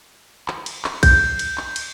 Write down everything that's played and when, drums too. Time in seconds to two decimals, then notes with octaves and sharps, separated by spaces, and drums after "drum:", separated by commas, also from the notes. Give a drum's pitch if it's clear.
0.48 drum: clap
0.66 drum: cymbal
0.85 drum: clap
1.03 G6, drum: kick, cymbal
1.39 drum: cymbal
1.58 drum: clap
1.76 drum: cymbal